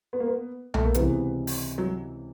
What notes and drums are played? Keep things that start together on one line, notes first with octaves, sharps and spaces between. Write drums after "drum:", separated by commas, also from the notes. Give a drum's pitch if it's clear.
B3
A#3
B3
A3, drum: tom B1
A#3
C#2 C3 E3 G#3 B3 C4, drum: hi-hat
drum: open hi-hat
F#3